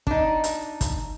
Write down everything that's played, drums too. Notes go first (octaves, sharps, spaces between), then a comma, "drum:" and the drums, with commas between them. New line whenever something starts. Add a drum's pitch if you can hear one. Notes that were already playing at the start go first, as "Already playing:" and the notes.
D4 D#4, drum: kick
drum: hi-hat
drum: kick, hi-hat